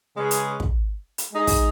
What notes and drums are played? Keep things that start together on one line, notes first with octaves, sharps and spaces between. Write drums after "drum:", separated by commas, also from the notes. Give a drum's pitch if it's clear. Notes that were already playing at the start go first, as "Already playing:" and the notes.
C#3 G#3 C#4 G#4 B4
drum: hi-hat
drum: kick
drum: hi-hat
G#3 D#4 G#4
drum: kick, open hi-hat